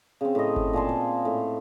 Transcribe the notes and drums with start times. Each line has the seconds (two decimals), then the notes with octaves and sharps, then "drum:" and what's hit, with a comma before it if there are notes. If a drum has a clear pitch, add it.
0.21 C#3 C4
0.35 A2 D#5
0.56 drum: kick G1
0.73 A#2 G#5 A5 C6
0.89 F5
1.25 A2